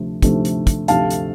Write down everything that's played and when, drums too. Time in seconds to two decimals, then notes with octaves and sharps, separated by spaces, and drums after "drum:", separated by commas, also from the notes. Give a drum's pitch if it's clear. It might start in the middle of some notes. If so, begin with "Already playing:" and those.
Already playing: D2 C3 F3 A3
0.23 D2 C3 F3 A3, drum: kick, hi-hat
0.45 drum: hi-hat
0.67 drum: kick, hi-hat
0.88 D2 C3 F3 A3 F5 A5, drum: hi-hat
1.10 drum: hi-hat